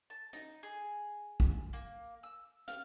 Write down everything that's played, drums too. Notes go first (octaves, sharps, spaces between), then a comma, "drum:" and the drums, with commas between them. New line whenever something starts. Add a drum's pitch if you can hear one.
A5
D#4, drum: hi-hat
G#4
drum: kick
A#3
E6
F5, drum: hi-hat